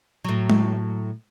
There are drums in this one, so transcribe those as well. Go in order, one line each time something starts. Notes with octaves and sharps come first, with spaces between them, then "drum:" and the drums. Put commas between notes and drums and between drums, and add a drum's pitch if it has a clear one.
A2 F#3
drum: tom G#3